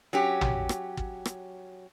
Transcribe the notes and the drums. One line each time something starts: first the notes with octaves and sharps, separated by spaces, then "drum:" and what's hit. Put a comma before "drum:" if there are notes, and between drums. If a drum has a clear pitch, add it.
F#3 C#4 G4
drum: tom
drum: rim click
drum: kick
drum: rim click